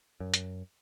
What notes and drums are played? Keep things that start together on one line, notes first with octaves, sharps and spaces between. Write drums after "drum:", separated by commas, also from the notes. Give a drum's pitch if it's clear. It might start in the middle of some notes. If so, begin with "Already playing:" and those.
F#2
drum: hi-hat